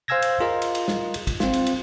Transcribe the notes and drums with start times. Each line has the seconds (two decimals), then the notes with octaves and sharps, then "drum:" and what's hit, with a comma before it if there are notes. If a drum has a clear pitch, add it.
0.08 C5 F5 G#5 E6 G#6 A#6
0.22 drum: cymbal
0.40 F4 G#4 A#4 D#5
0.62 drum: cymbal
0.75 drum: cymbal
0.88 drum: snare
1.14 drum: cymbal
1.27 drum: kick, cymbal
1.40 C4 F4, drum: snare
1.53 drum: cymbal
1.66 drum: cymbal